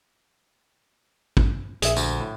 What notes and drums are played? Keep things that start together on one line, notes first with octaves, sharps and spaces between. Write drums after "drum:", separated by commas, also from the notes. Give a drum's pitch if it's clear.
drum: kick
A#1 G#4 E5, drum: hi-hat
D2, drum: tambourine
A2